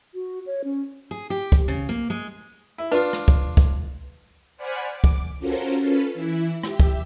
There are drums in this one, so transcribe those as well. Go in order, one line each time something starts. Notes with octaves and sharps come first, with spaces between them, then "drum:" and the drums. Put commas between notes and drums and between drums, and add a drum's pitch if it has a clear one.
F#4
C#5
C#4
G#4
G4
drum: kick
C#3
A#3
G#3
E4
D4 F4 B4 D6
drum: rim click
drum: kick
drum: kick
C5 D5 F#5 G#5 B5 F6
D6
drum: kick
C#4 F4 F#4 A4 A#4 C5
C#4 F4 A4 B4
E3 E4
G4 E5, drum: rim click
drum: kick